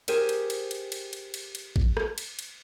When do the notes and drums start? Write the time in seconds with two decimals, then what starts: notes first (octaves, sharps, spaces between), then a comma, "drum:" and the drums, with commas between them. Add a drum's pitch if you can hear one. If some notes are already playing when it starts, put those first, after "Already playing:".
0.08 G4 G#4 A#4 C5 G5 G#5, drum: cymbal
0.29 drum: cymbal
0.50 drum: cymbal
0.71 drum: cymbal
0.92 drum: cymbal
1.13 drum: cymbal
1.34 drum: cymbal
1.55 drum: cymbal
1.76 drum: kick A1
1.97 drum: rim click
2.18 drum: cymbal
2.39 drum: cymbal